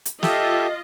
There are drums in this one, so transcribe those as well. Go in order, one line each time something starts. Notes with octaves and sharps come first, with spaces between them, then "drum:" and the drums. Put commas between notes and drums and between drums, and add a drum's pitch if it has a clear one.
drum: hi-hat
F4 G4 A4 D#5 E5, drum: snare